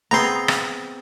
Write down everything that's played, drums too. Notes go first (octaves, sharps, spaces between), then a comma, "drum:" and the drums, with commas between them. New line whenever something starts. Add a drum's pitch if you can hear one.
B3 C4 G#4 A#5 C6
drum: rim click